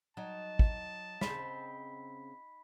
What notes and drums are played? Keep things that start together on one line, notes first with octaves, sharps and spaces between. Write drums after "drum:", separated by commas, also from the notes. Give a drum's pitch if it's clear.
F#3 D#4 F#5 A5
drum: kick
C#3 C4 C5 B5 B6, drum: snare